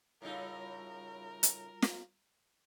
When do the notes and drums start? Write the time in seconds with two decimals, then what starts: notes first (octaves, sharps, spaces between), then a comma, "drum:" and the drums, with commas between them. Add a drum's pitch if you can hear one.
0.22 A2 C#3 G3 D#4 F4 F#4 A#4
1.43 drum: hi-hat
1.82 drum: snare